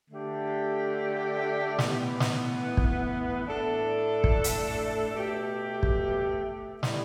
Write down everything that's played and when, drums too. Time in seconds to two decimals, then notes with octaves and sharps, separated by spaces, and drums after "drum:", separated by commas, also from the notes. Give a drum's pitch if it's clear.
0.11 D3 A3 D4 G4
1.79 A2 E3 B3, drum: snare
2.20 drum: snare
2.77 drum: kick
3.46 A2 A3 D4 A4
4.24 drum: kick
4.44 drum: hi-hat
5.14 B2 A3 G4
5.83 drum: kick
6.83 A2 G3 B3 E4 G4, drum: snare